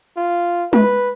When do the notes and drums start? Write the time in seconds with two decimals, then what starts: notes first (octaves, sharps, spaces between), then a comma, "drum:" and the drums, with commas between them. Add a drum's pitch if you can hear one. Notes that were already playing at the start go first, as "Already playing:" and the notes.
0.17 F4
0.73 B4, drum: tom G#3